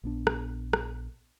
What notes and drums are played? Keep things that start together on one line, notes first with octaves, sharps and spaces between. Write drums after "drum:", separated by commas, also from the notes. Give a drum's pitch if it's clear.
A#1 B3 D4
drum: rim click
drum: rim click